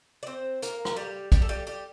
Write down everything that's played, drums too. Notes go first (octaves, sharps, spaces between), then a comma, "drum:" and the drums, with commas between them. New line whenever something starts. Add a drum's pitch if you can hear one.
D5
C4 C5
A#3 A#4, drum: hi-hat
drum: rim click
G3 G4
G3 G4, drum: kick, hi-hat
A4
G3 G4
G3 G4